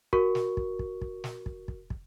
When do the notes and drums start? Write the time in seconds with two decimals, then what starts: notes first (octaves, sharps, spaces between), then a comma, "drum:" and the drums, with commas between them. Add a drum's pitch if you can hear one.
0.13 F#4 A#4 C#6, drum: kick
0.35 drum: snare
0.57 drum: kick
0.79 drum: kick
1.02 drum: kick
1.24 drum: snare
1.46 drum: kick
1.68 drum: kick
1.90 drum: kick